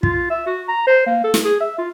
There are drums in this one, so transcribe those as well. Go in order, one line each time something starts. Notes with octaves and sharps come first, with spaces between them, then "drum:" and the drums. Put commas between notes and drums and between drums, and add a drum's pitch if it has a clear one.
F4, drum: kick
E5
F#4
A#5
C5
A#3
A4
drum: snare
G#4
E5
F4